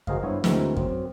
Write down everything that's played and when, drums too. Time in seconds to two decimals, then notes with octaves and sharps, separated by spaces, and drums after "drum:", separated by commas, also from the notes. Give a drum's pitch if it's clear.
0.07 F#4 G#4 A#4 C5 D#5 F5, drum: kick F#2
0.23 G2 B3 E4 C5 C#5
0.44 D2 E3 G#3 C4 F#4 A#4, drum: snare
0.77 F#2 C4, drum: kick F#2